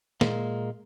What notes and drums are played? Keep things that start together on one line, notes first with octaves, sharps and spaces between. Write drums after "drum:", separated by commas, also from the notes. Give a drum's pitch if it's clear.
A#2 G#3 A#3, drum: snare